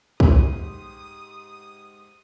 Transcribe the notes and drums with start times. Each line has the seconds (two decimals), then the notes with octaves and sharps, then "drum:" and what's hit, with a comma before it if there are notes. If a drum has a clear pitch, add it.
0.20 G#2 G4 C6 D#6, drum: kick